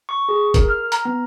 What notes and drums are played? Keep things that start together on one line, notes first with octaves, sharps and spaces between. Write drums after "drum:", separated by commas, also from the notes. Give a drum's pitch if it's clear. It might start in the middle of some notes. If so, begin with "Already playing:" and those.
C#6
G#4
A#4, drum: kick, hi-hat
F6
A#5, drum: hi-hat
B3